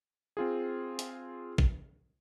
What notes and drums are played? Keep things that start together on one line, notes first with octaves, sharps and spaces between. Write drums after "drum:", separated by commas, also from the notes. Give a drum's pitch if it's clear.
C4 F4 G#4
drum: hi-hat
drum: kick